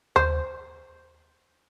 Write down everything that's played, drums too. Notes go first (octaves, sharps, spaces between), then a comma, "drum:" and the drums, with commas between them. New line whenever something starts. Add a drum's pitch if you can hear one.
C5, drum: tom D#2